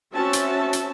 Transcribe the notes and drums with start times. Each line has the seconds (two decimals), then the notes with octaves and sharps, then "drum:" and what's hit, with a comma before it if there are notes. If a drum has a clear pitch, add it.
0.13 C4 C#4 F#4 E5 A5
0.33 drum: hi-hat
0.73 drum: hi-hat